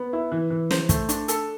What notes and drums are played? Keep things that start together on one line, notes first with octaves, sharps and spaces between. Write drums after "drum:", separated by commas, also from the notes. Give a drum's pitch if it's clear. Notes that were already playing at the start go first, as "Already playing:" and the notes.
Already playing: B3
E4
E3
E3
C5, drum: snare
A3, drum: kick, hi-hat
D4, drum: hi-hat
A4, drum: hi-hat